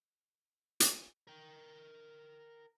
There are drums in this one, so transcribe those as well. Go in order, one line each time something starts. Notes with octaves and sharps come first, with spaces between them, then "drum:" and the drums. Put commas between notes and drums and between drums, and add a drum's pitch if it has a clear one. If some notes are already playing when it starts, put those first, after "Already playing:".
drum: hi-hat
A#4 G5